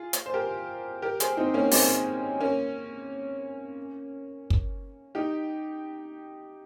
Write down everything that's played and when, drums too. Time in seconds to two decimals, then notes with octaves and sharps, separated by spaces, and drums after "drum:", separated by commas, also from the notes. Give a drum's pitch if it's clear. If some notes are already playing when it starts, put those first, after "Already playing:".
Already playing: F4 G#4
0.13 drum: hi-hat
0.26 C5
0.34 G4 A#4
1.02 G4 A#4
1.20 G#4 C5, drum: hi-hat
1.37 C4 D#4
1.54 A#3 C#4
1.71 G#3 C4, drum: open hi-hat
2.40 A#3 C#4
4.50 drum: kick
5.15 D#4 G4